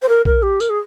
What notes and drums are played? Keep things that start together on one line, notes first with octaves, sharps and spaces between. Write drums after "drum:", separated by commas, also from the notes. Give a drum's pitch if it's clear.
C5
A#4
A#4, drum: kick
G4
A#4, drum: tambourine
G#4